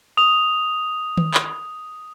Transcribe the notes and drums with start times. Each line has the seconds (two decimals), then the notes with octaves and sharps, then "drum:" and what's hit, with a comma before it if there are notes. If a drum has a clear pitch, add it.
0.17 D#6 F7
1.17 drum: tom D#3
1.34 drum: clap